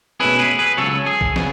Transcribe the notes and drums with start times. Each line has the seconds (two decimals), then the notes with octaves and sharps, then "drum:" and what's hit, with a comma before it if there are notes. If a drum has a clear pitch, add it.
0.20 B2 A3 C#4 E4 G#4 B4
0.39 G#4 B4
0.59 G#4 B4
0.77 C#2 C#3 F#3 A4 C#5
1.06 G#4
1.21 drum: kick
1.36 C#3 F#3 B3, drum: snare